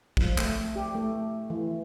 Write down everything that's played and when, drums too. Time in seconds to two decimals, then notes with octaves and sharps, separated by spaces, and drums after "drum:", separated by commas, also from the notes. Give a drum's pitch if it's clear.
0.17 F3, drum: kick
0.38 A3, drum: clap
0.76 G4
0.95 A3
1.50 E3